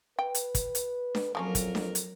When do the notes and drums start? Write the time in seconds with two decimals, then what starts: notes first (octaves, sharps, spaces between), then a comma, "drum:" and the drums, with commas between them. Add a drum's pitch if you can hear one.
0.19 B4 G5
0.35 drum: hi-hat
0.55 drum: kick, hi-hat
0.75 drum: hi-hat
1.15 drum: snare D4
1.35 F2 F3 F#3 A#3 C#4 A#4
1.55 drum: kick, hi-hat
1.75 drum: snare D4
1.95 drum: hi-hat